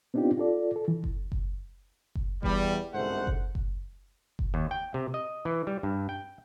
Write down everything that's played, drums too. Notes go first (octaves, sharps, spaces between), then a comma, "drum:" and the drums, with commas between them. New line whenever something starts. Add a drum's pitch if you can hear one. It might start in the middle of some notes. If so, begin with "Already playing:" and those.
B3 C4 D4 D#4 F4 G4
F4 A4 D5
A4
E3
drum: kick F#1
drum: kick F#1
drum: kick F#1
E2 G3, drum: kick F#1
G1 C2 G#2 A3 C5 F#5
drum: kick F#1
drum: kick F#1
drum: kick F#1
D#2
G5
C3
D#5
E3
G3
G2
G5